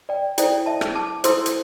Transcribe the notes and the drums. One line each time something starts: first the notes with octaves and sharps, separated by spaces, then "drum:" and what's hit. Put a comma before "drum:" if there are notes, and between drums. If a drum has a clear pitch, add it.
D5 G5
E4 A4 C5 D5 G5, drum: hi-hat
E5 A5
drum: rim click
A5 D6
E4 A4 C5 C6 E6, drum: hi-hat
drum: hi-hat